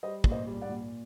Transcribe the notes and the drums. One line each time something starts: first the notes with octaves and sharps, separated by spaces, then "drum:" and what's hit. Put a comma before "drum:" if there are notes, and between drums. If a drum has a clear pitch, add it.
G3 C5 D#5
A#2, drum: kick
C5 D#5
G3
D5 F#5
A#2